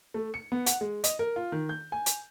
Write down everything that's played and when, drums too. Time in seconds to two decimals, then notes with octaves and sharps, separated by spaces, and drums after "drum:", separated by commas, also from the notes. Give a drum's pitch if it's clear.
0.14 A3
0.34 C#7
0.52 B3
0.66 F#5, drum: hi-hat
0.81 G#3
1.04 D#5, drum: hi-hat
1.19 A#4
1.36 F4
1.52 D#3
1.69 G6
1.92 G#5
2.06 drum: hi-hat